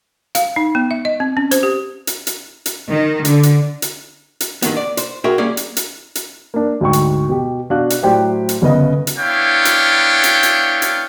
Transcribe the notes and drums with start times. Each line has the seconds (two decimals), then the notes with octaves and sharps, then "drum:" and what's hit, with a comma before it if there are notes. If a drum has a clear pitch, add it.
0.35 F5, drum: hi-hat
0.56 D#4
0.75 B3
0.91 E5
1.05 D#5
1.20 C4
1.37 C#4
1.51 C5, drum: hi-hat
1.63 G4
2.07 drum: hi-hat
2.27 drum: hi-hat
2.66 drum: hi-hat
2.90 D#3
3.25 D3, drum: hi-hat
3.43 drum: hi-hat
3.82 drum: hi-hat
4.40 drum: hi-hat
4.62 G2 D#3 B3, drum: hi-hat
4.76 D5
4.97 C5, drum: hi-hat
5.24 F#4 G#4 A#4 C5 E5 G5
5.38 G3 A#3 C#4 G#4 C#5 D5
5.57 drum: hi-hat
5.77 drum: hi-hat
6.15 drum: hi-hat
6.54 A#3 D4
6.81 D2 G#2 G5 C#6
6.93 drum: hi-hat
7.29 B2 G4
7.70 B2 D4 F#4 F5 F#6
7.90 drum: hi-hat
8.02 A2 F#3 G4 C5 D5 G5
8.49 drum: hi-hat
8.62 G1 C#3 B3 D#5
9.07 drum: hi-hat
9.18 B3 D4 E4 C#5 F5 G5
9.65 drum: hi-hat
10.24 drum: hi-hat
10.43 drum: hi-hat
10.82 drum: hi-hat